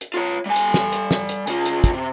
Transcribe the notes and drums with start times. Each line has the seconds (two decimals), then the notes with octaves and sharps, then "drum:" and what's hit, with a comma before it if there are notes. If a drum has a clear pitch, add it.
0.01 drum: hi-hat
0.14 F4 C#5
0.46 G3 G#5
0.56 drum: hi-hat
0.74 drum: snare
0.92 drum: hi-hat
1.11 drum: snare
1.29 drum: hi-hat
1.47 C#3 F4, drum: hi-hat
1.66 drum: hi-hat
1.84 drum: kick, hi-hat
1.93 C3